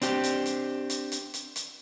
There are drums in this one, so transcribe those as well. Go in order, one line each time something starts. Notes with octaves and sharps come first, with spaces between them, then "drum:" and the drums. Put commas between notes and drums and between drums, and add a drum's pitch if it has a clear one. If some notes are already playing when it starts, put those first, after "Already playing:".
C4 D4 G4, drum: hi-hat
drum: hi-hat
drum: hi-hat
drum: hi-hat
drum: hi-hat
drum: hi-hat
drum: hi-hat